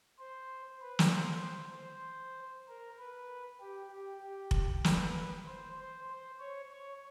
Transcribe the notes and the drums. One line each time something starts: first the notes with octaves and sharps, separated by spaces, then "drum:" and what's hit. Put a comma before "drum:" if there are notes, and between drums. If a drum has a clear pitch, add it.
C5
B4
drum: snare
C5
C5
A#4
B4
G4
G4
G4
drum: kick F1
B4, drum: snare
C5
C5
C5
C#5
C#5